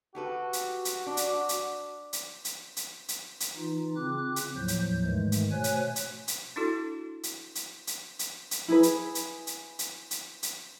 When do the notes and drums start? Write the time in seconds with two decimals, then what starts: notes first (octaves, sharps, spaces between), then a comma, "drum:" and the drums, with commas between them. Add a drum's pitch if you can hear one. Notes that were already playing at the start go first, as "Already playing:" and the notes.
0.15 F#4 G4 A4 B4
0.53 drum: hi-hat
0.85 drum: hi-hat
1.06 D4
1.17 drum: hi-hat
1.49 drum: hi-hat
2.13 drum: hi-hat
2.45 drum: hi-hat
2.77 drum: hi-hat
3.08 drum: hi-hat
3.40 drum: hi-hat
3.56 E3 D#4 F4
3.96 C#3 C4 F4 D6 F#6
4.36 drum: hi-hat
4.55 D#2 A2 F3 F#3 G6
4.68 drum: hi-hat
5.04 G#2 D#3 E3 G#3 A3
5.32 drum: hi-hat
5.51 B2 A3 C5 C#5 G#5 F#6
5.64 drum: hi-hat
5.96 drum: hi-hat
6.28 drum: hi-hat
6.56 D4 E4 F#4 A4
7.23 drum: hi-hat
7.55 drum: hi-hat
7.87 drum: hi-hat
8.19 drum: hi-hat
8.51 drum: hi-hat
8.68 E4 G#4 B4
8.83 drum: hi-hat
9.15 drum: hi-hat
9.47 drum: hi-hat
9.79 drum: hi-hat
10.11 drum: hi-hat
10.43 drum: hi-hat